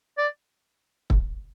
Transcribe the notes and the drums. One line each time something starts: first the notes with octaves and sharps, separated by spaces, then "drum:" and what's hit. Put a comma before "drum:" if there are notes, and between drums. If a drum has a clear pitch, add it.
D5
drum: kick